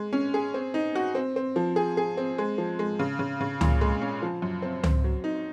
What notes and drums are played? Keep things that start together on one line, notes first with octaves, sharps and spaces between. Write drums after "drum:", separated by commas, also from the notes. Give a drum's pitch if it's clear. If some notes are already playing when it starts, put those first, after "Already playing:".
Already playing: G#3
C#4
G#4
C4
D#4
F#4
C4
C4
F3
G#4
G#4
C4
G#3
F3
G#3
C#3
C#3
C#3
A#2, drum: tom C#2
G#3
C#4
F3
F#2
C4
C4, drum: tom C#2
F#3
D#4